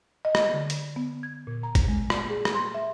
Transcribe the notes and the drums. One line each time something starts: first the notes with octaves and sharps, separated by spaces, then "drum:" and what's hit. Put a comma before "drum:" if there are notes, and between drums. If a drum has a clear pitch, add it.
D#5
drum: rim click
D3
drum: hi-hat
B3
G#6
A#2
A#5
drum: kick, hi-hat
G#3
D5, drum: rim click
G#4
drum: rim click
C6
E5